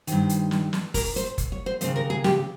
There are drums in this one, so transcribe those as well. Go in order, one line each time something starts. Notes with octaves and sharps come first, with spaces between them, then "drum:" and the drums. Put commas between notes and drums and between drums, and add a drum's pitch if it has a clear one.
G2 D#3 C5, drum: hi-hat
drum: hi-hat
drum: snare
drum: snare
A#4, drum: kick F#1, open hi-hat
C5, drum: hi-hat
drum: kick F#1, hi-hat
C#5
C5
F3 C5, drum: hi-hat
D#2 C#3
A#4
G#4
G4, drum: snare